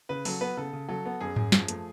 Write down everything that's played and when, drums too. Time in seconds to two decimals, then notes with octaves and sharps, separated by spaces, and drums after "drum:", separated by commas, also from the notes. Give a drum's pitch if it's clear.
0.09 C#3 B4
0.25 F#3 A4, drum: open hi-hat
0.41 B3 B4
0.57 C#3 A4
0.73 C#3
0.89 F#3 A4
1.06 B3
1.21 F#2 G#4
1.36 F#2, drum: tom G#2
1.52 F3, drum: snare
1.68 A3, drum: hi-hat